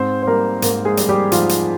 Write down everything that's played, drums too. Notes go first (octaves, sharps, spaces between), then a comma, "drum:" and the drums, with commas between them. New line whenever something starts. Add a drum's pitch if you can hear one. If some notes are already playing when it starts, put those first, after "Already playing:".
Already playing: G#2 C4 C5
C5
G3 A#3 A#4
G#2 A#3 A#4, drum: hi-hat
G#3 G#4
G3, drum: hi-hat
G3 G4
G#2 F3 F4, drum: hi-hat
drum: hi-hat